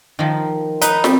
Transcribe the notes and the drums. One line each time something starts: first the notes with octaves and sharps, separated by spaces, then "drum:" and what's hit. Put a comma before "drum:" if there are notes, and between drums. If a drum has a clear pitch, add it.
D#3 F3
D#4 B4, drum: hi-hat
G3 C4, drum: snare